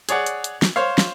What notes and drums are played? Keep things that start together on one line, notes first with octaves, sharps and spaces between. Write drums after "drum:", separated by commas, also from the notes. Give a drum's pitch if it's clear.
G#4 C#5 D5 F#5, drum: hi-hat
drum: hi-hat
drum: hi-hat
drum: snare
C5 C#5 F5
drum: snare